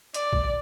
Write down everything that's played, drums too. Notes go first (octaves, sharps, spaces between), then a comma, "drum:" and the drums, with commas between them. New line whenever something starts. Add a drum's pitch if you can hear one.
D5, drum: hi-hat
drum: kick